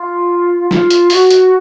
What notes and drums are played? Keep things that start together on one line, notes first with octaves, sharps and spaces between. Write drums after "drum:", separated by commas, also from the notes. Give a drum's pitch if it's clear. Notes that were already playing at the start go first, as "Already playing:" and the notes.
Already playing: F4
F4, drum: snare
drum: hi-hat
F#4, drum: open hi-hat
drum: hi-hat